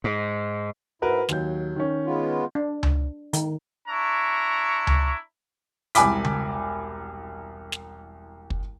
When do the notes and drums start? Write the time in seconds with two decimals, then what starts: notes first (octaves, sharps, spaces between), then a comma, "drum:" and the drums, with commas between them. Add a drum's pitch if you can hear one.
0.04 G#2
1.02 G#2 E4 F#4 A#4 B4
1.29 D#2 F#3 G6, drum: snare
1.76 D#3 C#4
2.06 G#3 B3 F4
2.55 D4
2.83 drum: tom C#2
3.33 D#3, drum: hi-hat
3.87 D4 E4 A#5 C#6
4.87 drum: tom C#2
5.95 E1 C2 G#5 B5 D6 B6, drum: hi-hat
6.25 drum: tom C#3
7.72 drum: snare
8.50 drum: kick